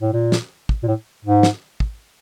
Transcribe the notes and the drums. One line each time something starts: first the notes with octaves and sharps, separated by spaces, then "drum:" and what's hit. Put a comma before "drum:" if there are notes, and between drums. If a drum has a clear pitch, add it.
A2
A#2
drum: snare
drum: kick
A#2
A2
G#2
drum: snare
drum: kick